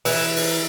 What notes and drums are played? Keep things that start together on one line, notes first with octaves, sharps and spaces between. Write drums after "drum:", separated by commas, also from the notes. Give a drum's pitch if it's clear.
E3, drum: open hi-hat
drum: open hi-hat